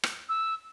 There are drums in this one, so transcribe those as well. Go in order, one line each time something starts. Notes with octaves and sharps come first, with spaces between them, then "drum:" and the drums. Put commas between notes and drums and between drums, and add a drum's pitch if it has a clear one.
drum: rim click
E6